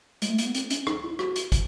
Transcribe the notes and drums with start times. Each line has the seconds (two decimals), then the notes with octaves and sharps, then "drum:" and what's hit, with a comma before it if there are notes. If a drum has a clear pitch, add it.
0.22 G#3, drum: hi-hat
0.30 A3
0.38 A#3, drum: hi-hat
0.46 B3
0.55 C4, drum: hi-hat
0.70 C#4, drum: hi-hat
0.87 D#4, drum: rim click
1.03 E4
1.19 F#4, drum: rim click
1.36 drum: hi-hat
1.52 drum: kick, hi-hat